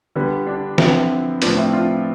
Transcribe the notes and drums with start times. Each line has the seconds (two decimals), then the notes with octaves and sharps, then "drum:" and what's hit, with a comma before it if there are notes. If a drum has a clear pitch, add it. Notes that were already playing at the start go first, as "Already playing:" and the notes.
0.16 D3 G3 B3
0.47 D4
0.78 D3 F3 B3 C4 E4, drum: snare
1.42 A2 F3 B3 D4, drum: hi-hat
1.57 C4 E4
1.73 D4 F4